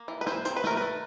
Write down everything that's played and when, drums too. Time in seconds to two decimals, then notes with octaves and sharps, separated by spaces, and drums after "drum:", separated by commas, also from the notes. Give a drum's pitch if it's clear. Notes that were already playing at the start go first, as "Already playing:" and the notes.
Already playing: A#3
0.08 E3
0.21 B4
0.26 E4 C5, drum: snare
0.45 C4 C5, drum: hi-hat
0.56 B4
0.64 A3 A#4, drum: snare
0.77 A3 B4